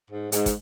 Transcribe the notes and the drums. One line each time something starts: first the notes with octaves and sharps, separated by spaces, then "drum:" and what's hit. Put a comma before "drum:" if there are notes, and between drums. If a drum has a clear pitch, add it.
G#2
G#2, drum: hi-hat
drum: kick, hi-hat